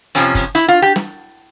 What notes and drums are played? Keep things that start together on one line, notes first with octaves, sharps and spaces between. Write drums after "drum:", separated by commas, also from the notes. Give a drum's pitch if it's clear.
F2 C3 F3 C#4, drum: hi-hat
drum: kick F#1, hi-hat
E4, drum: hi-hat
F4
G4
drum: snare